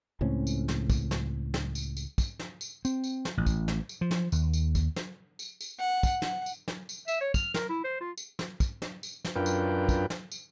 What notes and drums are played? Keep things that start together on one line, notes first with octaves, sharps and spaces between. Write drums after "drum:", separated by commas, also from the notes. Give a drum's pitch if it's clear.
C#2 A2 C4 C#4
drum: tambourine
drum: snare
drum: kick, tambourine
drum: snare
drum: snare
drum: tambourine
drum: tambourine
drum: kick, tambourine
drum: snare
drum: tambourine
C4, drum: tambourine
drum: tambourine
drum: snare
A1
drum: kick, tambourine
drum: snare
drum: tambourine
F3
drum: snare
D#2, drum: tambourine
drum: tambourine
drum: kick, tambourine
drum: snare
drum: tambourine
drum: tambourine
F#5
drum: kick, tambourine
F#5, drum: snare
drum: tambourine
drum: snare
drum: tambourine
E5, drum: tambourine
C#5
F6, drum: kick, tambourine
A#4, drum: snare
E4
C5
F4
drum: tambourine
drum: snare
drum: kick, tambourine
drum: snare
drum: tambourine
drum: snare
F#2 D4 F4 A#4 B4 G5
drum: tambourine
drum: kick, tambourine
drum: snare
drum: tambourine